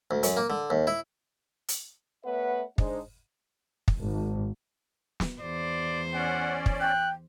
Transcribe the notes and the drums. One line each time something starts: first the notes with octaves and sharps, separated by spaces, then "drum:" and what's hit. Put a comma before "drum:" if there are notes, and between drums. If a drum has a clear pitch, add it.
D2
F#2, drum: hi-hat
A#3
D3
D#2
E4
drum: hi-hat
A3 B3 B4 C#5 E5 F#5
G#3 D4 D#4 C5, drum: kick
drum: kick
G#1
drum: snare
E2 C5 D5
C#4 D5 F#5
drum: kick
G5 F#6